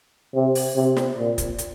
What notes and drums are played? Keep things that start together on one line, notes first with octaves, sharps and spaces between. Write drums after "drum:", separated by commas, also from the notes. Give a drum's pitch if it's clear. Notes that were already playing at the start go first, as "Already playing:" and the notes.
C3
drum: open hi-hat
C3
drum: snare
A#2
drum: kick, hi-hat
drum: hi-hat